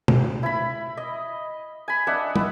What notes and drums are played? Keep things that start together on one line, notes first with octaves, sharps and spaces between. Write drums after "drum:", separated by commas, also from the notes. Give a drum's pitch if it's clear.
drum: tom
E4 B5
D#5
G#5 B5
D4 D#5 E5 F#5
B3, drum: tom